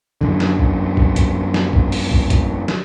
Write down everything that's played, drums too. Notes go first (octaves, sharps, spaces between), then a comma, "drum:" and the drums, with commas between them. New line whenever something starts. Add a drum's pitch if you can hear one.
F#2 D3
drum: snare
drum: kick
drum: kick
drum: kick, hi-hat
drum: snare
drum: kick
drum: open hi-hat
drum: kick
drum: kick, hi-hat
drum: snare